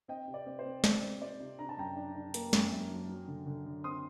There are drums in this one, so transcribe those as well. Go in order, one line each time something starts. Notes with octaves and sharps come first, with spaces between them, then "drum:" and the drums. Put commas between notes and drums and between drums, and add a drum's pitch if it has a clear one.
C4 D#5 G5
C3
D5
C4
C5
C4
C4 D5, drum: snare
C4
C4 D5
C3
D4 A#5
A5
F#2 G5 A#5
D4
D4
A#3, drum: hi-hat
F#2, drum: snare
F#2
F#3
F#3
D3
D3
D3
C4 C6 D#6